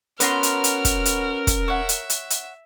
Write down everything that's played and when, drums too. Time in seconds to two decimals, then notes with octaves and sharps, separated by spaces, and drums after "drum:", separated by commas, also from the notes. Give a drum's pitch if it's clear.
0.20 B3 C#4 F#4 A#4 B4 A#5 C6 F6, drum: hi-hat
0.43 drum: hi-hat
0.64 drum: hi-hat
0.85 drum: kick, hi-hat
1.05 drum: hi-hat
1.47 drum: kick, hi-hat
1.68 C#5 E5 F#5
1.89 drum: hi-hat
2.10 drum: hi-hat
2.30 drum: hi-hat